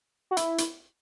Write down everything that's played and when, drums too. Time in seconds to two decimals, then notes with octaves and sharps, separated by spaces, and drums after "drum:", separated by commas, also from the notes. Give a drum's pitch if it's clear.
0.31 F#4
0.37 E4, drum: hi-hat
0.58 drum: hi-hat